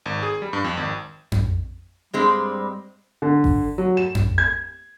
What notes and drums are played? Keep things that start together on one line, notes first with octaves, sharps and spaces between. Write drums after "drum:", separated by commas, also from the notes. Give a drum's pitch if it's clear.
G#1
G#4
G3
G2
F2
G#1
drum: tom F2
G2 G3 G#3 C4
D3
drum: kick G#1
F#3
E7
drum: tom F2
G#6